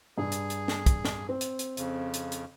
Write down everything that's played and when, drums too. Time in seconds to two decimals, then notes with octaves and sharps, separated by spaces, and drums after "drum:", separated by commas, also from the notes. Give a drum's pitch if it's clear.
0.18 G2 G#4
0.32 drum: hi-hat
0.50 drum: hi-hat
0.68 drum: snare
0.86 drum: kick, hi-hat
1.05 drum: snare
1.29 C4
1.41 drum: hi-hat
1.59 drum: hi-hat
1.77 F2 C#3, drum: hi-hat
2.14 drum: hi-hat
2.32 drum: hi-hat